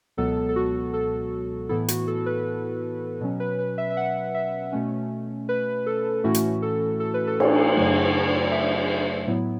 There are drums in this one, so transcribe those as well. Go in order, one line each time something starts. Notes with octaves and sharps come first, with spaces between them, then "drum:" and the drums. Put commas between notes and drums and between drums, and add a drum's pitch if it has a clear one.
C#2 B2 F#3 B3 A4
A4
F#4
A4
A2 E3 B3 E4 A4
F#4, drum: hi-hat
A4
B4
B2 F#3 C#4
B4
B4
E5
E5
F#5
E5
B2 A3 C#4
B4
A4
A2 E3 A3 C#4 E4 F#4
drum: hi-hat
A4
A4
B4
A4
drum: cymbal
F#2 C#3 F#3 A3
E5
A2 F#3 B3 E4